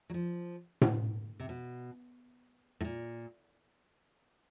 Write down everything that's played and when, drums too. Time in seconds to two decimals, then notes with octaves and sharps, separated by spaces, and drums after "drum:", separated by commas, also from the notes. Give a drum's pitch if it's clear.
0.10 F#3
0.14 F3
0.81 drum: tom A2
1.40 C3
1.49 B2
2.80 A2
2.84 A#2